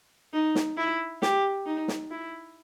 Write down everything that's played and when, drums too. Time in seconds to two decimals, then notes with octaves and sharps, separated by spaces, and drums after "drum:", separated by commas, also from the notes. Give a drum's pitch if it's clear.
0.33 D#4
0.55 drum: snare
0.77 E4
1.22 G4, drum: snare
1.66 D#4
1.88 drum: snare
2.10 E4